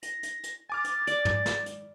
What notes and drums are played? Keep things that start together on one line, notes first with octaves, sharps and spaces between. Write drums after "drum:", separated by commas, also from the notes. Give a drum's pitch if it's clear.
A#6, drum: hi-hat
drum: hi-hat
drum: hi-hat
G#5 D6 F6 A6
drum: hi-hat
D5, drum: hi-hat
drum: tom
drum: snare
drum: hi-hat